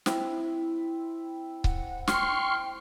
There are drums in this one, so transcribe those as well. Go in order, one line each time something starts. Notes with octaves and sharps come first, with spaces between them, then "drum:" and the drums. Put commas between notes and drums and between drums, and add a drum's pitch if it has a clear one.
C4 E4, drum: snare
F#5, drum: kick C#1
G5 C6 C#6 F6, drum: snare